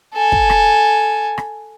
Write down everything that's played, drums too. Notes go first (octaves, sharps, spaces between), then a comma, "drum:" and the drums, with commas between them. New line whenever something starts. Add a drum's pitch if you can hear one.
A4 G#5
drum: kick
drum: rim click
drum: rim click